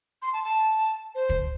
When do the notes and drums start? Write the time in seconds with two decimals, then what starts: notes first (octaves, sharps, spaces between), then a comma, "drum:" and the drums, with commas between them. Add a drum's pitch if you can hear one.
0.22 C6
0.32 A5
0.43 A5
1.14 C5
1.29 drum: kick